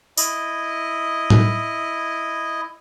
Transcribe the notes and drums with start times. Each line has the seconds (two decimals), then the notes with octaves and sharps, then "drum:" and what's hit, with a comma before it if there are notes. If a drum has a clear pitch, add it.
0.17 E4 D#5, drum: tambourine
1.30 drum: tom A2